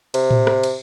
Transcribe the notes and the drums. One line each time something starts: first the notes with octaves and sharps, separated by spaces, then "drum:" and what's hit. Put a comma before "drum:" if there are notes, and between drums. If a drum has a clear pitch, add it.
C3, drum: cymbal
drum: tom A2
drum: rim click
drum: cymbal